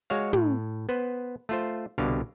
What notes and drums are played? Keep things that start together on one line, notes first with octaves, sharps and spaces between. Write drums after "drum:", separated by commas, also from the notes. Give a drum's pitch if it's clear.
G#3 F#4 C#5 F5
A2, drum: tom
B3 B4 C5
A3 F4 C5
C2 B2 D3 G4 F5